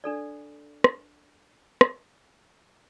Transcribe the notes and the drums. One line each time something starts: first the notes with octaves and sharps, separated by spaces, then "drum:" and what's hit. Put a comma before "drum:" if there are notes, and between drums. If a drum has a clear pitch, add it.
D4 A4 D5
drum: rim click
drum: rim click